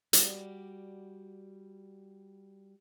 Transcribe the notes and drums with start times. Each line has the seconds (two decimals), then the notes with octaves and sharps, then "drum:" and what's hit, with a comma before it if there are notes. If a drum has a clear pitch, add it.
0.13 G3 F#4 D5, drum: hi-hat